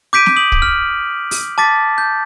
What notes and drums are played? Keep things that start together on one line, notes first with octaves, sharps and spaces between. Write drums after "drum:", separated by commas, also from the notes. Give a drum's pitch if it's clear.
D6 G6 B6 D7 D#7
drum: snare
D#6 F#7
drum: kick
F6
drum: open hi-hat
A5 D6 A6 B6
G6